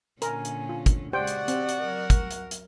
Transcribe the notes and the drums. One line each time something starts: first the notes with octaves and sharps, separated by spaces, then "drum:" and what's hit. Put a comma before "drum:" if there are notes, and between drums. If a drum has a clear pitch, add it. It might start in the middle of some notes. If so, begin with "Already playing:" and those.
A#2 D3 C#4 A#4 G#5, drum: hi-hat
drum: hi-hat
F4
drum: kick, hi-hat
C#3 G#3 F#4 G4 C5 D5 F#5 G5
drum: hi-hat
C4 G4, drum: hi-hat
drum: hi-hat
F#3 A#4
drum: kick, hi-hat
drum: hi-hat
drum: hi-hat